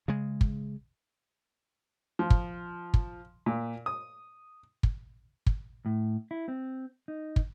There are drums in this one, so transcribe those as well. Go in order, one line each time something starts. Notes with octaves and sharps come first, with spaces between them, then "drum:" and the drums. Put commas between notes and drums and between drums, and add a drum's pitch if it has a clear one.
C#3 G#3
drum: kick
F3
drum: kick
drum: kick
A#2
D#6
drum: kick
drum: kick
A2
E4
C4
D#4
drum: kick